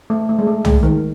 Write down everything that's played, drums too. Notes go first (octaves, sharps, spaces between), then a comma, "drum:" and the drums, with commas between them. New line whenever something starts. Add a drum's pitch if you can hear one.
A3
A3
G#3
A3
G#3, drum: tom
D#3